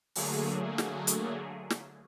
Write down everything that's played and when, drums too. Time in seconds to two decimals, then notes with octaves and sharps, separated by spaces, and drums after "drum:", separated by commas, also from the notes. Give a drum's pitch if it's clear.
0.15 D3 F#3 A3 A#3 G#4, drum: open hi-hat
0.78 drum: snare
1.07 drum: hi-hat
1.70 drum: snare